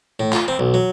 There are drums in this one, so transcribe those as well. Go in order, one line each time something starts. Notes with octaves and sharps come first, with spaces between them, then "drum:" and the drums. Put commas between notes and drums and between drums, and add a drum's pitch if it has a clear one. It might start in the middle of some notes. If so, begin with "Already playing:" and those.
A2
F4, drum: clap
C4
B1
F#3